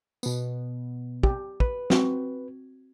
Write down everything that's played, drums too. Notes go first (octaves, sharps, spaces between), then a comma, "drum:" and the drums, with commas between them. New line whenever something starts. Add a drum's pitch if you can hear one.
B2 B3, drum: tambourine
G4, drum: kick
B4, drum: kick
C4 F#4, drum: snare